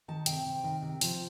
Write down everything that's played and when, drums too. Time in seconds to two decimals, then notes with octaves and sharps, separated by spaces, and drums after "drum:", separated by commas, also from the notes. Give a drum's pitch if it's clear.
0.08 D#3 A5
0.26 C3 G5, drum: hi-hat
0.46 C3
0.64 D#3
0.82 C3
1.01 F3, drum: open hi-hat